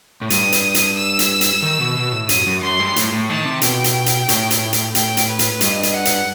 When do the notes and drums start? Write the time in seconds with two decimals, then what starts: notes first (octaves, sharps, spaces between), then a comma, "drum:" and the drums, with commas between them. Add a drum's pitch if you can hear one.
0.21 A2
0.30 G2 D#6, drum: hi-hat
0.52 drum: hi-hat
0.75 drum: hi-hat
0.96 E6
1.19 drum: hi-hat
1.41 drum: hi-hat
1.62 D#3
1.80 B2
1.97 B2
2.12 A2
2.29 F#2 D#6, drum: hi-hat
2.47 F#2
2.63 F#2 C6
2.80 G2
2.96 A2, drum: hi-hat
3.12 A2
3.29 D#3 A5
3.45 C3
3.61 B2 G5, drum: hi-hat
3.84 drum: hi-hat
4.06 drum: hi-hat
4.29 A2, drum: hi-hat
4.51 drum: hi-hat
4.73 drum: hi-hat
4.95 G5, drum: hi-hat
5.17 drum: hi-hat
5.28 B4
5.39 drum: hi-hat
5.61 G2 D#5, drum: hi-hat
5.83 drum: hi-hat
5.94 F#5
6.05 drum: hi-hat